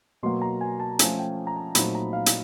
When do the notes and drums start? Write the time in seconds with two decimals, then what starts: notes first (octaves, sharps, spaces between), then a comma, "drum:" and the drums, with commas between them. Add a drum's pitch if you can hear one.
0.23 B2 F#3 A#3 C6
0.42 A#5
0.61 G#5
0.80 A5
0.99 F3 A3 C#4 G#5, drum: hi-hat
1.19 G5
1.47 A#5
1.56 A5
1.75 A#2 F#3 A3 C4 D#4 B5, drum: hi-hat
1.95 A#5
2.13 F5
2.26 drum: hi-hat